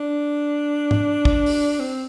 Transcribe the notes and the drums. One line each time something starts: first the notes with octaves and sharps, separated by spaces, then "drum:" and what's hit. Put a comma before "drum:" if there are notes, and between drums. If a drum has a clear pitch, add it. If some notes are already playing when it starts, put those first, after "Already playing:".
Already playing: D4
drum: tom
drum: kick
drum: open hi-hat
C4